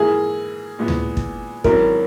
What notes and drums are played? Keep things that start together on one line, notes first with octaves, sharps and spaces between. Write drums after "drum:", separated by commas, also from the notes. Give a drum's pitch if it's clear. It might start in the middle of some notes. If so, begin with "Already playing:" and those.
Already playing: G#2 E3 A#3 E4 G#4
A#2 G#3 B3 E4
drum: tom D2
drum: kick
G#1 G#2 F#3 C#4 E4 A#4, drum: kick